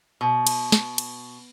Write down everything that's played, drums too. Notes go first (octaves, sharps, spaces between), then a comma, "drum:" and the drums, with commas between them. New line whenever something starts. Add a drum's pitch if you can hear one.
B2
drum: cymbal
drum: snare
drum: cymbal